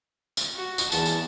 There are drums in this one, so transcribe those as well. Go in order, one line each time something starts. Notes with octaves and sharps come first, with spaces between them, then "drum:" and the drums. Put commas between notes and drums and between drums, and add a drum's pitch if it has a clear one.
drum: tambourine
F#4
drum: tambourine
E2 A5, drum: tambourine
drum: tambourine